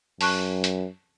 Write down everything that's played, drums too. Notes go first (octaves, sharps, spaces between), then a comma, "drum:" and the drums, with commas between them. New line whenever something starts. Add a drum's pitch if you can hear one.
F#2 A5 C#6 F#6, drum: open hi-hat
drum: hi-hat